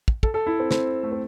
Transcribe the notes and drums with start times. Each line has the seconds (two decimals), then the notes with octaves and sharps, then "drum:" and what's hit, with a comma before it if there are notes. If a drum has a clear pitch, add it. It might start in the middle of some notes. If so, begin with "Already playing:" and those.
0.08 drum: kick
0.23 A4, drum: kick
0.34 A4
0.47 E4
0.60 C4
0.71 C4, drum: snare
1.03 A3
1.12 C4